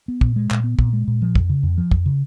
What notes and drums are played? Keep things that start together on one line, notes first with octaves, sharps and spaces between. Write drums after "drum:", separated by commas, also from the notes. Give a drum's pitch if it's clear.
B3
A#2, drum: kick
G#3
A#2, drum: clap
B3
A#2, drum: kick
G#3
A#2
F3
F2, drum: kick
C#3
F2
F3
F2, drum: kick
C#3